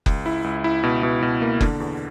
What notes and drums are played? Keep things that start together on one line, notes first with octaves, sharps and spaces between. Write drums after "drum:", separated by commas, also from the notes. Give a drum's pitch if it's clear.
C#2, drum: kick F#1
E4
C#2
E4
B2
B2
B2
A#3
D3, drum: kick F#1
E2